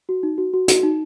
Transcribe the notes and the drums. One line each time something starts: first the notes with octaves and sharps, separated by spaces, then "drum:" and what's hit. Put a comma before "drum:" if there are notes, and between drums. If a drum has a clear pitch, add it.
F#4
D#4
F#4
F#4
F#4, drum: hi-hat
D#4